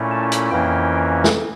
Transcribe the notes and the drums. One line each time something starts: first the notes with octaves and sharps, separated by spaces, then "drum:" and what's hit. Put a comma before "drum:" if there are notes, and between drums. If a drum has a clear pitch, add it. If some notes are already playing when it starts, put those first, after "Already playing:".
Already playing: A#2 A3 C#4 E4
A5
drum: hi-hat
F2 E3 A#3 C#4 E4 G5
drum: snare